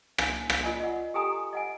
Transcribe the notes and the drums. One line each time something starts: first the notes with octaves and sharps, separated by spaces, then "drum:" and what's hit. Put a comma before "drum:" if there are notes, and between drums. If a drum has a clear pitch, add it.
D#4 G#5, drum: rim click
drum: rim click
F4 A#4 D5 D#5 G#5
D#5 F#5
G4 A4 G5 G#5 A#5 D#6
D#5 F#5 G#5